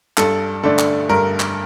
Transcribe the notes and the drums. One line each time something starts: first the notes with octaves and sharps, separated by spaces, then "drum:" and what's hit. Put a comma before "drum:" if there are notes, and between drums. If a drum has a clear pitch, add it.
G2 A4, drum: clap
D3 A3 D4 A4
drum: clap
G2 A#4
drum: clap